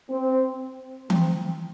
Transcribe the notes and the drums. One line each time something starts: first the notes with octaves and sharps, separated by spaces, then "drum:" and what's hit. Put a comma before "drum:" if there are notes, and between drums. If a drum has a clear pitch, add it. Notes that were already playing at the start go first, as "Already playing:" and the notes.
C4
C4, drum: tom E3